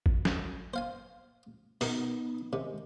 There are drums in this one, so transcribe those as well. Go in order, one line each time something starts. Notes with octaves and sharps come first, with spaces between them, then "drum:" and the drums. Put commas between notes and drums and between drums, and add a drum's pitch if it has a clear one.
drum: kick G#1
drum: snare
C5 F5 G#5
B2 D#3 B3 D#4, drum: open hi-hat
C3 D#3 G#3